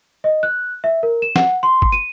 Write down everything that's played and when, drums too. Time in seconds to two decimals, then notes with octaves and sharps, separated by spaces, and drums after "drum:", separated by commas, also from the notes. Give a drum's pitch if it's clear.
0.24 D#5
0.43 F#6
0.84 E5
1.03 A#4
1.22 E7
1.36 F#5, drum: snare
1.63 C6
1.82 drum: kick
1.92 D#7